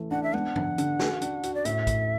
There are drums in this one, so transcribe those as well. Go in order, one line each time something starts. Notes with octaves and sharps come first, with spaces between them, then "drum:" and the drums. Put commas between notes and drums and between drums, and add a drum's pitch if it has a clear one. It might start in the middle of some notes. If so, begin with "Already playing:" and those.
Already playing: E3 A3
D4 F#5
E5
B3 F#5, drum: tom
D3, drum: tom G#2
D3, drum: hi-hat
F#4, drum: snare
D4, drum: hi-hat
F#4, drum: hi-hat
D5
A2 E5, drum: hi-hat
A2, drum: kick, hi-hat